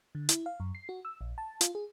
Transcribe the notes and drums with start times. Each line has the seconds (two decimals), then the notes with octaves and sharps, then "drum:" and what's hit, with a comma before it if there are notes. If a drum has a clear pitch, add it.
0.15 D3
0.29 E4, drum: hi-hat
0.46 F5
0.60 F#2
0.75 C7
0.89 F#4
1.05 E6
1.21 A#1
1.38 A5
1.61 F4, drum: hi-hat
1.75 G#4